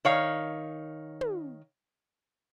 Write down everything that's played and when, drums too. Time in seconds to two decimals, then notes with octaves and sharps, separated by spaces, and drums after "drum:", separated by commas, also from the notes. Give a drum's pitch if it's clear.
0.05 D#3 C#5 F5
1.21 drum: tom